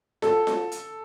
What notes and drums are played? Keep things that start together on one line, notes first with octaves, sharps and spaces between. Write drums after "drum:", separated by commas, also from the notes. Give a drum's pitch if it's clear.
A4, drum: snare F4
drum: snare F4
drum: hi-hat